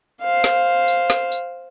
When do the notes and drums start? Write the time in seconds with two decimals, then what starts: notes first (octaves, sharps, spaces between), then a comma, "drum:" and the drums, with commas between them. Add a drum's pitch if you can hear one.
0.22 C5 F5
0.44 drum: snare
0.88 drum: tambourine
1.10 drum: snare
1.32 drum: tambourine